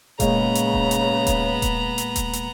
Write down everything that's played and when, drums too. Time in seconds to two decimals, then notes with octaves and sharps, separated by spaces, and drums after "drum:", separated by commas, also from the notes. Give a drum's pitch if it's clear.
0.20 A#2 C#3 G#3 A#3 B3 A#5, drum: kick D#1, hi-hat
0.55 drum: hi-hat
0.73 drum: kick D#1
0.91 drum: hi-hat
1.27 drum: kick D#1, hi-hat
1.62 drum: kick D#1, hi-hat
1.98 drum: hi-hat
2.16 drum: kick D#1, hi-hat
2.33 drum: hi-hat